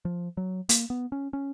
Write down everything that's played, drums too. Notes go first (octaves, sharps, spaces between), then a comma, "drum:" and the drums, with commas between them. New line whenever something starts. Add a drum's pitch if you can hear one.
F3
F#3
A#3, drum: hi-hat
B3
C#4
C#4